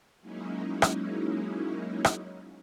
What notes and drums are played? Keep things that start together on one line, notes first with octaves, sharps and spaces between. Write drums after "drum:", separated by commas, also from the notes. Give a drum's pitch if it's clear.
F#3 G#3 A#3 C#4 D#4 E4
drum: rim click
drum: rim click